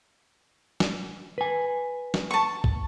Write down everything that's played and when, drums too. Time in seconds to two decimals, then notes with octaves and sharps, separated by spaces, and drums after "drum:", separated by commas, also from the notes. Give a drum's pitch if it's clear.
0.80 drum: snare
1.38 B4 G#5
2.14 drum: snare
2.31 A5 C#6
2.64 drum: kick